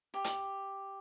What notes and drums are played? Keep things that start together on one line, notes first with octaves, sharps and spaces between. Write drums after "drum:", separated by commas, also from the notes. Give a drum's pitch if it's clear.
G4
drum: hi-hat